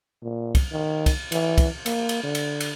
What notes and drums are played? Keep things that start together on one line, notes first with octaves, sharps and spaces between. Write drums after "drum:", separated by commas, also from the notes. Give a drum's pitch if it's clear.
A#2
drum: kick, cymbal
D#3
drum: kick, cymbal
E3, drum: cymbal
drum: kick, cymbal
A#3, drum: cymbal
drum: cymbal
D3
drum: cymbal
drum: cymbal